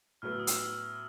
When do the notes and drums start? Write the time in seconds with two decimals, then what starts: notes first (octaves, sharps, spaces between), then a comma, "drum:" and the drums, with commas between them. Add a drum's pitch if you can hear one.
0.22 A2 F#3 B3 F6
0.31 E6
0.39 D#6
0.47 E6, drum: hi-hat